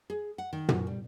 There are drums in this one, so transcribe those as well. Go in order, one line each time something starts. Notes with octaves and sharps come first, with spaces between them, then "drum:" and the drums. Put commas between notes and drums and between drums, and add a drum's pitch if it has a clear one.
G#4
F#5
D#3
F#2, drum: tom
G3